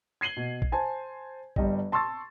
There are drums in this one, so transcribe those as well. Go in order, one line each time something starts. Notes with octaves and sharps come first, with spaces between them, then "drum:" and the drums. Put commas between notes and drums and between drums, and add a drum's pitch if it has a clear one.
G#6 C7 D#7 F#7 G7
B2
drum: kick
C5 G#5 A5
G1 G3 D#5, drum: kick
A5 C6 C#6 E6 A6